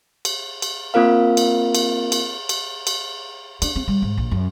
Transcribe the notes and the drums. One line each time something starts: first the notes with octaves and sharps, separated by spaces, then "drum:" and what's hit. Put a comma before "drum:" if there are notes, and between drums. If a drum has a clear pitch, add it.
drum: cymbal
drum: cymbal
A#3 C4 F4 A#4 F5
drum: cymbal
drum: cymbal
drum: cymbal
drum: cymbal
drum: cymbal
D4, drum: cymbal
C4
G3
G#2
A#1
F#2